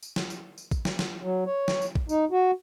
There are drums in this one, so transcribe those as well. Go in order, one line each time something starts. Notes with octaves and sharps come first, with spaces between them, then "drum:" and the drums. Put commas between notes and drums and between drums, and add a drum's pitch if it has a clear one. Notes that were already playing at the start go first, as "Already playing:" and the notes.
drum: tambourine
drum: snare
drum: tambourine
drum: tambourine
drum: kick A#1, tambourine
drum: snare
drum: snare
F#3
C#5
drum: snare
drum: tambourine
drum: kick A#1
D#4, drum: tambourine
F#4